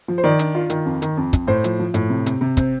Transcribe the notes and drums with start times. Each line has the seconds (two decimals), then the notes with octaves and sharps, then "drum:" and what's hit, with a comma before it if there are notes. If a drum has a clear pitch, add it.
0.08 F3
0.18 C5
0.24 D#3 D5
0.39 D4, drum: hi-hat
0.55 F4
0.70 D#3, drum: hi-hat
0.86 F2
1.02 D#3, drum: hi-hat
1.17 F2
1.33 F2, drum: kick, hi-hat
1.47 A2 C5
1.64 F3, drum: hi-hat
1.79 F3
1.94 A2, drum: hi-hat
2.10 C3
2.26 C3, drum: hi-hat
2.41 C3
2.57 C4, drum: kick, hi-hat